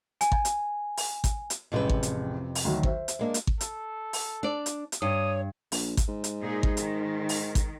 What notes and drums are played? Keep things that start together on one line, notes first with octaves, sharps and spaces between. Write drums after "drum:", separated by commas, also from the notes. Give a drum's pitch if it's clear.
G#5, drum: hi-hat
drum: kick G#1
drum: hi-hat
drum: open hi-hat
drum: kick G#1, hi-hat
drum: hi-hat
A1 F2 C3 G#3 B4
drum: kick G#1
drum: hi-hat
drum: open hi-hat
D2 D#3 F#3
C5 E5, drum: kick G#1
drum: hi-hat
G#3 A#3 D4
drum: hi-hat
drum: kick G#1
A4, drum: hi-hat
drum: open hi-hat
D4 D5
drum: hi-hat
drum: hi-hat
G2 C#5 D#6
A#1, drum: open hi-hat
drum: kick G#1, hi-hat
G#2
drum: hi-hat
A#2 D#4 G#4
drum: kick G#1
D#3, drum: hi-hat
drum: open hi-hat
drum: kick G#1, hi-hat